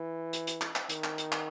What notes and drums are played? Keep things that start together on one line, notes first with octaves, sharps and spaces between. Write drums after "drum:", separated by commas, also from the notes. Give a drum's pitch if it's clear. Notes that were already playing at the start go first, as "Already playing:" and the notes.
Already playing: E3
drum: hi-hat
drum: hi-hat
drum: clap
drum: clap
D#3, drum: hi-hat
drum: clap
drum: hi-hat
drum: clap